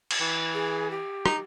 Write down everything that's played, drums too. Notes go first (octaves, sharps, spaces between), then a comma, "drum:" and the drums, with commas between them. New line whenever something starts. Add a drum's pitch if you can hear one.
drum: cymbal
E3
G#4
G4
D#4, drum: rim click